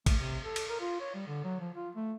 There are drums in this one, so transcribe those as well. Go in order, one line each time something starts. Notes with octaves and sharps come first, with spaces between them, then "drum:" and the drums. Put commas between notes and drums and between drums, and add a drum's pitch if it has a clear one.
A3, drum: kick A1, cymbal
C3
A4
drum: cymbal
A#4
F4
C#5
G3
D3
F#3
F3
F4
A3